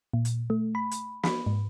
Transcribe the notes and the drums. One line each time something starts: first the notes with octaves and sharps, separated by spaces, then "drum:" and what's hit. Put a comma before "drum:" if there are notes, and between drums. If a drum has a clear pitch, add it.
A#2
drum: hi-hat
A3
B5
drum: hi-hat
B5, drum: snare
G#2